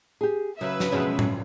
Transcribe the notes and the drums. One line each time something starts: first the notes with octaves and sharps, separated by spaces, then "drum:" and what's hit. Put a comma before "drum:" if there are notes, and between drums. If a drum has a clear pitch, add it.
G4 G#4
C#3 F#3 B4 E5
drum: snare
F2 B2 G#3 C#4
drum: tom A2